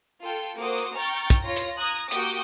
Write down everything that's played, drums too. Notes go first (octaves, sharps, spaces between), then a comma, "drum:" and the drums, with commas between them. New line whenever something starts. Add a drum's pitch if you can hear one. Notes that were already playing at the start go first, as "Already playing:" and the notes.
F4 A4 G5
A#3 F#4 C5 D6 D#6
drum: hi-hat
G5 A#5 C#6 F6 G6 A6
drum: kick, hi-hat
F4 C#5 A#6
drum: hi-hat
A#5 D#6 F#6 G#6 A#6
A#3 F#4 G4 G5 D6 D#6, drum: hi-hat